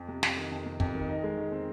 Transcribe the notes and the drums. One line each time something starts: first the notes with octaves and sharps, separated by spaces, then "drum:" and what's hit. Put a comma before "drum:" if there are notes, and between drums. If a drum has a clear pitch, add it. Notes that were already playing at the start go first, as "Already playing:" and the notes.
Already playing: F2
C3
F2, drum: snare
D#3
F2
C3
F2, drum: kick
D#3
D#4
G#3
D#3
C4